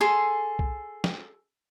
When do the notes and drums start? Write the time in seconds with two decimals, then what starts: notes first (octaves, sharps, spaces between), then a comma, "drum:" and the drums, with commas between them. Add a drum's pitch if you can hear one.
0.01 G#4 A4 C6
0.59 drum: kick B1
1.04 drum: snare